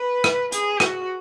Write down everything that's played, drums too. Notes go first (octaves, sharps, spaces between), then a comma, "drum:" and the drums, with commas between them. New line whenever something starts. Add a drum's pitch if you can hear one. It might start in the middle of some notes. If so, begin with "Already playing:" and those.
Already playing: B4
drum: rim click
G#4, drum: hi-hat
F#4, drum: rim click